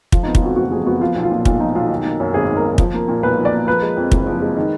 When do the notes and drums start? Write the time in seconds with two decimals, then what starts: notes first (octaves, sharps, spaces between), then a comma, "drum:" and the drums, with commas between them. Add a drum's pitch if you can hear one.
0.12 F3 F4, drum: kick
0.23 D#4
0.27 B3
0.35 F4, drum: kick
0.42 F2 F#4
0.56 F#1 F#4
0.71 F3 G#4
0.86 B3 F#4
1.01 F3 F4
1.15 B1
1.23 F4
1.31 A#2
1.45 B1 F4, drum: kick
1.60 F3 D#4
1.75 B1 F4
1.90 D#3
2.05 A#3
2.20 F#2
2.34 G#1 G#4
2.49 D#3
2.57 A#4
2.64 A#3
2.78 F3, drum: kick
2.94 A#3
3.08 A#2
3.23 B1 B4
3.37 F3
3.45 D5
3.53 A#3
3.67 F3 B4
3.82 G#3
3.97 F2
4.12 F#1, drum: kick
4.27 F3
4.42 G#3
4.56 D#3